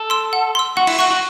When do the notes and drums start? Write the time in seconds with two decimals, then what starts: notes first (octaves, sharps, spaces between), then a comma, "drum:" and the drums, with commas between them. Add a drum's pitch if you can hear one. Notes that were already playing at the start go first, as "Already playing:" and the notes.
Already playing: A4
0.10 C6 E6
0.33 F#5
0.55 C6 E6
0.77 F#4 F#5
0.87 E4, drum: cymbal
0.99 F#4 C#6 F#6
1.11 F#4